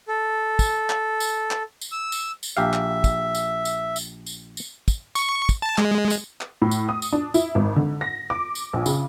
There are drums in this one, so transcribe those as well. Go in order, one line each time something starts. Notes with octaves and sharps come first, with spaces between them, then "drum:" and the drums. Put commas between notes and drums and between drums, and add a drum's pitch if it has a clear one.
A4
drum: kick, tambourine
drum: clap
drum: tambourine
drum: clap
drum: tambourine
E6
drum: tambourine
drum: tambourine
A#1 G4 E5 F5
drum: clap
drum: kick, tambourine
drum: tambourine
drum: tambourine
drum: tambourine
drum: tambourine
drum: tambourine
drum: kick, tambourine
C#6, drum: tambourine
drum: kick, tambourine
A5
G#3, drum: clap
drum: tambourine
drum: clap
A2
drum: tambourine
D#6
drum: tambourine
D4
E4, drum: tambourine
G#1
D3
A#6
D6
drum: tambourine
A#1
C#3, drum: tambourine